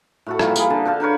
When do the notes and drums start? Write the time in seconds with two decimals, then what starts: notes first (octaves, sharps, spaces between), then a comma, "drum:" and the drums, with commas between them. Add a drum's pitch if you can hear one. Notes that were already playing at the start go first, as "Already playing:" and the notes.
0.26 A2 F#4 A4
0.39 E3 F3 G3 A#3, drum: rim click
0.56 G3 G#4, drum: tambourine
0.70 D3 G#5 A5
0.85 D4 A4 C5 F5
1.00 D4 A#4 B4 C#5